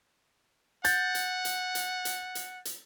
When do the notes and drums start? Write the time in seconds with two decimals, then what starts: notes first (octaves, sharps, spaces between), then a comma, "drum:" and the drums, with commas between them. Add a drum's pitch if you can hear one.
0.85 F#5 G6 A6, drum: hi-hat
1.15 drum: hi-hat
1.45 drum: hi-hat
1.75 drum: hi-hat
2.05 drum: hi-hat
2.35 drum: hi-hat
2.65 drum: hi-hat